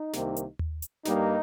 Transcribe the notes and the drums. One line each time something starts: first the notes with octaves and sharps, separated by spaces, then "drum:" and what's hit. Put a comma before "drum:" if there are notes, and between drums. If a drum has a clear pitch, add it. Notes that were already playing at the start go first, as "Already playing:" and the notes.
Already playing: D#4
C2 C3 D#3 A#3, drum: snare
drum: hi-hat
drum: tom D#2
drum: hi-hat
G2 G3 A#3 D#4, drum: snare